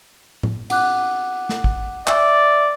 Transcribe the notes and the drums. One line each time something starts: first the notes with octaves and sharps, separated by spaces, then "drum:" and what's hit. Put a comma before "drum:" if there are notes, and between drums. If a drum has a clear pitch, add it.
drum: tom A2
F#5 D6 F#6, drum: cymbal
drum: snare
drum: kick
D5 E5 E6, drum: clap